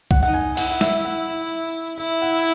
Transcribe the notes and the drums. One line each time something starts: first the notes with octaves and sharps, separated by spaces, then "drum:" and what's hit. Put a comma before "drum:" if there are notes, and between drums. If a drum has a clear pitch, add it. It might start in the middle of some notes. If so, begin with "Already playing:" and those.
F#5, drum: kick B1
D#4 F#5
G#5
E4 F#5, drum: open hi-hat
F#5
E5, drum: snare
F#5
E5
E4 E5
F#5